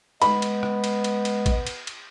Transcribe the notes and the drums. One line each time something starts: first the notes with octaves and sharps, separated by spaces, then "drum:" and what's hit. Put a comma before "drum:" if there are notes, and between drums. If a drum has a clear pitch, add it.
G#3 B3 B5, drum: cymbal
drum: cymbal
drum: rim click
drum: cymbal
drum: cymbal
drum: cymbal
drum: kick, cymbal
drum: cymbal
drum: cymbal